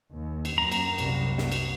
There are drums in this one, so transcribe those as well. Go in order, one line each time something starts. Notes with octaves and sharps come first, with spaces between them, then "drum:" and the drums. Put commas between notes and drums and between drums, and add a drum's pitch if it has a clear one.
D#2
drum: cymbal
F#2 A#3 A#5
drum: cymbal
C2, drum: cymbal
drum: snare
drum: cymbal